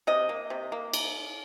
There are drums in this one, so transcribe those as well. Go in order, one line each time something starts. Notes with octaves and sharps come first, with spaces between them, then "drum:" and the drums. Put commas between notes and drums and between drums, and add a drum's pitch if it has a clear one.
C3 D#5
A#3
C3
A#3
drum: cymbal